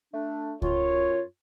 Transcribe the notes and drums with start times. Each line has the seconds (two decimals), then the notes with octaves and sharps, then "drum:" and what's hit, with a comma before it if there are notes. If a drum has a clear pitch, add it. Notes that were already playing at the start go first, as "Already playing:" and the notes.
0.14 A3 D4
0.62 F#2 F4 C#5, drum: kick C#2